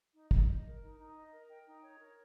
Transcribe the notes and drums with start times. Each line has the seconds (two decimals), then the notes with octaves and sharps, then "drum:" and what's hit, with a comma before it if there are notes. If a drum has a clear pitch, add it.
0.14 D#4
0.31 D#4, drum: kick
0.48 D#5
0.65 A#4
0.82 D#4
0.98 D#4
1.15 D#5
1.32 A#4
1.48 G5
1.66 D#4
1.82 C#5
1.99 A#4